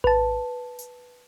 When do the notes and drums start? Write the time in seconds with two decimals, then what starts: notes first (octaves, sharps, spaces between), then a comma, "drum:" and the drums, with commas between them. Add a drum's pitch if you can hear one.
0.04 B4 A5, drum: kick G#1
0.79 drum: hi-hat